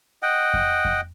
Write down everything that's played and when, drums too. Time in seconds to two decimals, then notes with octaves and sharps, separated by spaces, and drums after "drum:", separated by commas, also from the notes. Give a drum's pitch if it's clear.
0.22 D#5 F#5 G5
0.54 drum: kick F2
0.85 drum: kick F2